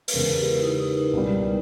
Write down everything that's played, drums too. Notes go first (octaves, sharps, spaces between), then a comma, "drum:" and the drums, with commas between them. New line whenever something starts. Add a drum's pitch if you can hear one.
B4, drum: open hi-hat
E2 C#3 G#3 A#4
G4
E4
D#4
D#4
D#4
C#2 B2 G3